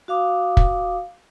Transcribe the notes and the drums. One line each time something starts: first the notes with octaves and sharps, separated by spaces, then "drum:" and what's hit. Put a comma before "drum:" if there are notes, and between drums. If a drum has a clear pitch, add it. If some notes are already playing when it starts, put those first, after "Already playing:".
F#4 F5 D6 D#6
drum: kick